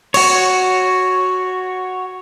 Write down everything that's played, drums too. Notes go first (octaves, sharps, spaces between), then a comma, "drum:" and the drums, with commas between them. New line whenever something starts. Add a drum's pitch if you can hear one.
F#4 C#5, drum: cymbal